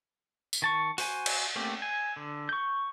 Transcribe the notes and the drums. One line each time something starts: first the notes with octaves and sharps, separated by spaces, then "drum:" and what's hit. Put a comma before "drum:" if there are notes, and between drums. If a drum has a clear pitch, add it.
drum: tambourine
D#3 A5 C#6
F#4 C5 G#5, drum: open hi-hat
drum: cymbal
A3 A#3 C4 C#4 G4
G#5
D3
C#6 G6